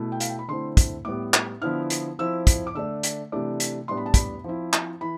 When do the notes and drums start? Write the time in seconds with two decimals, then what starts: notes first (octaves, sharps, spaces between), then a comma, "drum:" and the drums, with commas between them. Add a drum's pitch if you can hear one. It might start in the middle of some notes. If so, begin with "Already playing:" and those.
Already playing: B2 A3 E4
0.12 G5
0.20 F5, drum: hi-hat
0.29 G5
0.39 B5
0.48 D3 A3 C4 E4 C6
0.77 drum: kick, hi-hat
1.05 A2 G3 B3 D6
1.34 drum: clap
1.62 D3 F3 B3 E4 F6
1.90 drum: hi-hat
2.19 F3 C4 E4 E6
2.47 drum: kick, hi-hat
2.67 D6
2.75 D3 A3 D4 E6
3.03 drum: hi-hat
3.32 C3 E3 A3 D4 D6
3.60 drum: hi-hat
3.88 A2 G3 B3 D4 C6
3.97 B5
4.06 A5
4.14 B5, drum: kick, hi-hat
4.44 F3 C4 E4
4.73 drum: clap
5.01 E3 B5